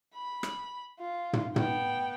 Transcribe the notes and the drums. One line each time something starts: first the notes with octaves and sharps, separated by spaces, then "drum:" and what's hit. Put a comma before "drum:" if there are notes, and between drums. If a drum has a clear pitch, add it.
B5
drum: rim click
F4
drum: tom
B3 G5, drum: tom